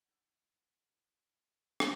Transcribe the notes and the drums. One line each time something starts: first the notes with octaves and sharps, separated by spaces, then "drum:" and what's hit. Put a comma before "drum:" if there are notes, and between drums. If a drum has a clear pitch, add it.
E3 B3 D#4 C#5 F#5
drum: rim click